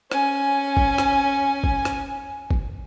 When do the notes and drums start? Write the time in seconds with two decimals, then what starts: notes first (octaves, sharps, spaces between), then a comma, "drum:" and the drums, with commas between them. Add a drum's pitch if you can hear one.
0.12 C#4 G#5, drum: rim click
0.77 drum: kick G1
0.98 drum: rim click
1.64 drum: kick G1
1.85 drum: rim click
2.51 drum: kick G1